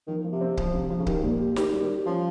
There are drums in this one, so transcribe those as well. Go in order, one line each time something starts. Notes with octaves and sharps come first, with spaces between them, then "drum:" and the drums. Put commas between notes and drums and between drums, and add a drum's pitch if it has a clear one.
D#3 F3
F3
C3
C4
F3, drum: kick C#1
C3
F3
C#3
D#3 G4, drum: kick C#1
A#2
G4
D#3 G4, drum: snare
G3
D#3
G3
F3 C#4